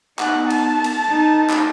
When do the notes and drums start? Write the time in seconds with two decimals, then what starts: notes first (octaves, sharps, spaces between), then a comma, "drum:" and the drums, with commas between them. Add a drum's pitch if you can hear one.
0.19 B3 D#4 F#5, drum: clap
0.50 A5, drum: cymbal
0.84 drum: cymbal
1.09 D#4
1.50 drum: clap